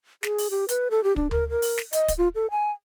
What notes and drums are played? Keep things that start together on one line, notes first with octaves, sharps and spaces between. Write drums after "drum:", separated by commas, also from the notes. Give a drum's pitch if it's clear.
G#4, drum: snare
drum: open hi-hat
G4
B4, drum: hi-hat
A4
G4
D4, drum: kick
A#4, drum: tom D2
A#4
drum: open hi-hat
drum: snare
D#5, drum: hi-hat
drum: kick, hi-hat
F4
A4
G#5